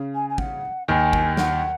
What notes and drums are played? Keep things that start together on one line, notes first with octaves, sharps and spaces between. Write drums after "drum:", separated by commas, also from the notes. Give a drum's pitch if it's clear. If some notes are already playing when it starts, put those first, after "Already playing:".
Already playing: C#3
G#5
G#5
F#5, drum: kick
D#2 D#3 G#5
drum: kick
F#5, drum: snare